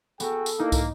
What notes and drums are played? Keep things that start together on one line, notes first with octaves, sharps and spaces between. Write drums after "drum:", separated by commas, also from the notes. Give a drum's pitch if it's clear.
B3 F#4 G#4 A4 G5, drum: tambourine
drum: tambourine
A#3 D#4 E4
drum: kick, tambourine